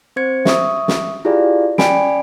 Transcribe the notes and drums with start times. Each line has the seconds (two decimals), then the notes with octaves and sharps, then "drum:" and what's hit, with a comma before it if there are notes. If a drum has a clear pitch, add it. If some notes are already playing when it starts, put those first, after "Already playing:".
0.16 C4 C5 G#6 C#7
0.45 E5 C#6 D#6, drum: snare
0.88 drum: snare
1.25 E4 F4 G4 G#4 D5 F5
1.78 C#4 D5 G5 G#5 B5 D7, drum: snare